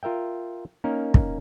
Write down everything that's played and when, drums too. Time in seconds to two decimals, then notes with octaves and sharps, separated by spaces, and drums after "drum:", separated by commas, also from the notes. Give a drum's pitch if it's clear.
0.03 F4 A#4 E5 G5
0.84 A#3 C#4 D#4 A#4
1.14 drum: kick